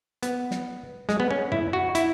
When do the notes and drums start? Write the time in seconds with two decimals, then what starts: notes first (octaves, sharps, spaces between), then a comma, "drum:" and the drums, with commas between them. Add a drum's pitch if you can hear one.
0.23 B3, drum: hi-hat
0.51 drum: snare
1.09 G#3, drum: snare
1.20 B3
1.31 C#4
1.52 E4, drum: tom
1.73 F#4
1.95 E4, drum: hi-hat